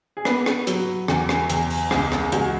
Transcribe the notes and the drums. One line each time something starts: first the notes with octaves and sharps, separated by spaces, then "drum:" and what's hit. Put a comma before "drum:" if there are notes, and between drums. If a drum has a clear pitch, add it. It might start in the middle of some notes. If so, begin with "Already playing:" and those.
G#4
B3 B4, drum: rim click
drum: rim click
F#3, drum: hi-hat
E2, drum: rim click
drum: rim click
E2, drum: hi-hat
drum: open hi-hat
C#2 G#4, drum: rim click
drum: rim click
C#2 F#4, drum: hi-hat